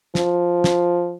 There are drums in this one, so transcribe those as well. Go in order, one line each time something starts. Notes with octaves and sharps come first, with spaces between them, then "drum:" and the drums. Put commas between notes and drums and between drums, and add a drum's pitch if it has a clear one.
F3, drum: snare
drum: snare